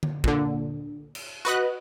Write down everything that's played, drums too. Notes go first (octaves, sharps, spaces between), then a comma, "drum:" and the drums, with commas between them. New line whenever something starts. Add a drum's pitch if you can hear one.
drum: tom D3
A#2 D3, drum: kick
drum: cymbal
F#4 B4 D#5 F#6